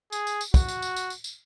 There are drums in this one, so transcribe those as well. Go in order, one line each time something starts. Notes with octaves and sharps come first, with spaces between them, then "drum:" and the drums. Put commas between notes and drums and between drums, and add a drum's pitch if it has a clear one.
G#4, drum: tambourine
drum: tambourine
drum: tambourine
F#4, drum: kick, tambourine
drum: tambourine
drum: tambourine
drum: tambourine
drum: tambourine
drum: tambourine